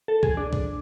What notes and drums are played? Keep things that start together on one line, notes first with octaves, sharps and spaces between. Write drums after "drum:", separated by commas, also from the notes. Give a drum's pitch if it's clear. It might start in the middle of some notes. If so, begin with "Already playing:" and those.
A4
G#4, drum: kick
D4
drum: kick